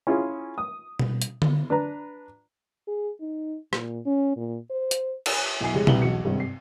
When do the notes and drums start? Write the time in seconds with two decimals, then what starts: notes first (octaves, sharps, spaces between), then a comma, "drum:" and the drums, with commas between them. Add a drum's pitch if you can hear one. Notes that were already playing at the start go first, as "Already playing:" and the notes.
0.07 C#4 E4 F4 G#4
0.58 D#6
0.99 drum: tom B2
1.22 drum: hi-hat
1.42 drum: tom D3
1.70 D4 B4 A#5
2.88 G#4
3.21 D#4
3.73 A#2, drum: rim click
4.06 C#4
4.37 A#2
4.71 C5
4.91 drum: hi-hat
5.26 drum: cymbal
5.60 B1 B2 E4 G#5 C7
5.73 F2 C#3 G3 G#3
5.87 C2 E4 G4 B4 F#7 G7, drum: tom B2
6.02 B1 E2 F#4 C#7
6.24 G#1 G2 C3 G3 G#3
6.40 C7